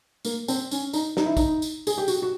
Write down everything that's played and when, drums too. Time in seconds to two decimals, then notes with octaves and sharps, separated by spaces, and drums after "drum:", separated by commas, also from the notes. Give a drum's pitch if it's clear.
0.25 A#3, drum: tambourine
0.48 C4, drum: tambourine
0.71 C#4, drum: tambourine
0.93 D#4, drum: tambourine
1.17 D#4, drum: snare
1.26 E4
1.37 D#4, drum: kick, tambourine
1.62 drum: tambourine
1.87 G#4, drum: tambourine
1.98 G4
2.08 F#4, drum: tambourine
2.22 F#4